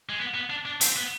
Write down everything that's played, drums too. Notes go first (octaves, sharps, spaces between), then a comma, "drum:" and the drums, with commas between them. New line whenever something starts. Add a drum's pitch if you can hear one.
G#3
B3
B3
D4
D4
C4, drum: hi-hat
B3